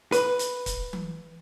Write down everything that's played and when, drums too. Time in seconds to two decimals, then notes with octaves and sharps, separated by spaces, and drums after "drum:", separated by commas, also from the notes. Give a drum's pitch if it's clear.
0.12 B4, drum: hi-hat
0.39 drum: hi-hat
0.66 drum: kick C#1, hi-hat
0.93 drum: tom E3